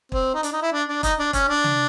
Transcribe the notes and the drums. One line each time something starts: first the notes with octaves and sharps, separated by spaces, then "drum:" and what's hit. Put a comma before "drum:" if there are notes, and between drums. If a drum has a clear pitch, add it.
C4, drum: kick
D#4
D4, drum: hi-hat
D#4
E4
D4
D4
D#4, drum: kick, hi-hat
D4
C#4, drum: kick, hi-hat
D4
drum: tom